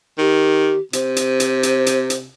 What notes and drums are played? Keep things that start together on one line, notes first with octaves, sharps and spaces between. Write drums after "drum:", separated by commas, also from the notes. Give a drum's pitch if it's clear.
D#3 G4
C3 C5, drum: hi-hat
drum: hi-hat
drum: hi-hat
drum: hi-hat
drum: hi-hat
drum: hi-hat